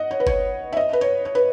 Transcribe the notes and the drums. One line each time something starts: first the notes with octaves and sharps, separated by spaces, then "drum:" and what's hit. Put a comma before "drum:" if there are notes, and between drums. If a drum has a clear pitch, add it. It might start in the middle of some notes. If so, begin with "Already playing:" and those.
Already playing: D#5 F#5
C#5
B4
C#5, drum: kick G1
E5
D#5
B4
C#5
C#5
B4